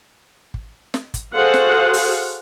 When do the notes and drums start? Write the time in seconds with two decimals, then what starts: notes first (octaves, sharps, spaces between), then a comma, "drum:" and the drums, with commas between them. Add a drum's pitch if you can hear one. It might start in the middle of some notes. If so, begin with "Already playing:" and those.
0.54 drum: kick
0.94 drum: snare
1.14 drum: kick, hi-hat
1.34 F#4 G#4 A4 C5 F5 F#5
1.54 drum: snare
1.93 drum: open hi-hat